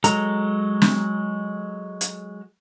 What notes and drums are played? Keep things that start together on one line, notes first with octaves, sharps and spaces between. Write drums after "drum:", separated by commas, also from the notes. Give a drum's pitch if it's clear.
F#3 G#3 A4 A#5, drum: hi-hat
drum: snare
drum: hi-hat